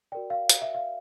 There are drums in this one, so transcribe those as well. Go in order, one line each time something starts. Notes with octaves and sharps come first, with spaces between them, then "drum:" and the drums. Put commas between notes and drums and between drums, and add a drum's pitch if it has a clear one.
F#4 A#4 D5 G5
F5
drum: hi-hat
E5
F5